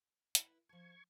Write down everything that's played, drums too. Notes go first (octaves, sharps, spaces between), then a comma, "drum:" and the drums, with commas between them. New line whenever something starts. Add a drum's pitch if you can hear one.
E4 B4, drum: hi-hat
F3 A5 C#6 G#6